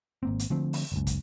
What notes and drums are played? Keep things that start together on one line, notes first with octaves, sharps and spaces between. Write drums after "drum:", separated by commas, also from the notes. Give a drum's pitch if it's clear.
G#1 A#3 C4
drum: hi-hat
D3 F3 A3 C4
drum: open hi-hat
F#1 C#2
drum: kick, hi-hat